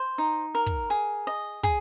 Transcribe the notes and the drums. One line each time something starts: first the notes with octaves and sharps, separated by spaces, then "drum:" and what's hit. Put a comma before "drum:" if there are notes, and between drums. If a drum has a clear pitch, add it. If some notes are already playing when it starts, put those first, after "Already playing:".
Already playing: C5
D#4
A#4
drum: kick
G#4
D#5
G#4, drum: kick